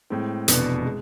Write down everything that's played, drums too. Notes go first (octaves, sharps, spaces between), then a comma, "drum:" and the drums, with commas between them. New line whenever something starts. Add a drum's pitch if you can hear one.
A2 G#3 C4
F1 E2 B2 B3 D4, drum: hi-hat
G#3